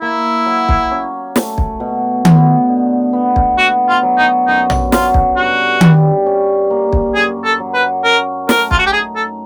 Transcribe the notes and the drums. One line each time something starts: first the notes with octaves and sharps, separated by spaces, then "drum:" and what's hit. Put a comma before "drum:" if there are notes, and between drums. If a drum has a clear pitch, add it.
A#3 E4
F#3
drum: kick
C#4
A3, drum: snare
drum: kick
B2
B3, drum: tom D#3
D3
B3
drum: kick
B3 F#4
F4
F#3
D#4
F#2 D#4
drum: tom A#1
F#3 F4, drum: snare
drum: kick
G2 F#4
G3, drum: tom D#3
C#4
A#3
drum: kick
F#2 G#4
A4
F#3
B4
C#4 A#4
A3 A#4, drum: snare
F4, drum: kick
F#4
G4
D#4 G#4
A4